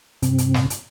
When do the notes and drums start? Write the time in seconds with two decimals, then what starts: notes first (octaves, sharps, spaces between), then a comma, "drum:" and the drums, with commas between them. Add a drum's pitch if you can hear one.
0.22 G2 C3 C4, drum: hi-hat
0.38 drum: hi-hat
0.54 drum: snare
0.70 drum: hi-hat